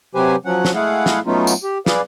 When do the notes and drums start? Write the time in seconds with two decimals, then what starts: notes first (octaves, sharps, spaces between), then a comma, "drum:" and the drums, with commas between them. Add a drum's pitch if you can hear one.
0.15 C3 F#3 G4 B4 C5 G#5
0.45 F3 F#3 C#4 F#5
0.65 drum: snare
0.75 G#3 A3 E4 G#4 F5 F#5
1.06 drum: snare
1.27 F#3 A3 B3 C#4 D#4 F4
1.47 drum: tambourine
1.64 G4
1.86 G#4 B4 D5 F5, drum: snare